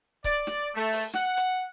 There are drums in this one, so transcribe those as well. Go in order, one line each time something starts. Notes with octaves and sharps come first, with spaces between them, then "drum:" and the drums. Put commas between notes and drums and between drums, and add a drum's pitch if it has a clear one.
D5, drum: kick C#1, hi-hat
drum: snare
A3
drum: open hi-hat
F#5, drum: snare
drum: hi-hat